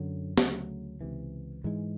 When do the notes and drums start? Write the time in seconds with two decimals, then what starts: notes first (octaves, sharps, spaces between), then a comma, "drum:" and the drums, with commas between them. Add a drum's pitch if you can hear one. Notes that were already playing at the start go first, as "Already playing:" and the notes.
Already playing: F#2 D3 F#3
0.38 D2 C#3 F#3 A3, drum: snare
1.01 C#2 C3 E3
1.64 G#2 E3 G#3